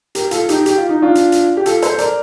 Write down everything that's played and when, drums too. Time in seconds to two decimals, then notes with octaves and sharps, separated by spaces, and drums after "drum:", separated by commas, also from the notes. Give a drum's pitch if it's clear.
0.15 G4 A#4, drum: hi-hat
0.31 F4 A4, drum: hi-hat
0.49 D#4 G4, drum: hi-hat
0.66 G4, drum: hi-hat
0.77 F4
0.89 D#4
1.02 D4 F4
1.15 drum: hi-hat
1.32 drum: hi-hat
1.57 G4
1.66 F4 A4, drum: hi-hat
1.82 A4 C5, drum: hi-hat
1.98 A#4 D5, drum: hi-hat